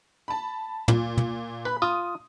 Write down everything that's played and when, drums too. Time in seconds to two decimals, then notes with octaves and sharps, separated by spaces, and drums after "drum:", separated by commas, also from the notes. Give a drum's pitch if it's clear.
0.28 A5 B5
0.88 A#2, drum: tom
1.17 drum: tom
1.65 B4 B5
1.82 F4 D#6